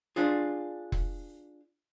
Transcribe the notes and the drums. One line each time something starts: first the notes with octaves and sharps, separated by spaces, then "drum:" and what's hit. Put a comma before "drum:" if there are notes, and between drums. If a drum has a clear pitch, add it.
D4 F4 G#4
drum: kick F1